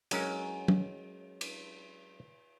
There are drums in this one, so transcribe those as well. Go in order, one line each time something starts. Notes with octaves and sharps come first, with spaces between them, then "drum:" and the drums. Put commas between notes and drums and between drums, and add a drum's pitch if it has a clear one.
F#3 G#3 C#4 A#4, drum: cymbal
drum: tom F#3
drum: cymbal